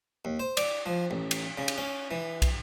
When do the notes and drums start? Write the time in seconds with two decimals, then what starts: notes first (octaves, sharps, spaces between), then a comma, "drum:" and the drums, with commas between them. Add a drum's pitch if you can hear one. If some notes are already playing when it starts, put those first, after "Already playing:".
0.25 D#2
0.40 C5
0.57 D5, drum: cymbal
0.86 F3
1.11 A1
1.31 drum: cymbal
1.58 C#3
1.68 drum: cymbal
1.78 C#4
2.11 E3
2.42 drum: kick, cymbal